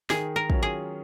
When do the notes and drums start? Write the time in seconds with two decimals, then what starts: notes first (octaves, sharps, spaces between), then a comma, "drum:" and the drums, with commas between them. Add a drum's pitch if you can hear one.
0.10 D#3 G#4, drum: snare
0.36 A#4
0.50 F#3 C#4 F4, drum: kick
0.63 G#4